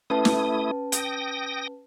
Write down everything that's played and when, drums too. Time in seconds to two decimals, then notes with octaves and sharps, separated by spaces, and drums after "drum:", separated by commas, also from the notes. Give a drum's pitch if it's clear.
0.10 A3 C#4 E4 B4 A5 D#6
0.25 drum: snare
0.92 G5 D#6 A#6, drum: hi-hat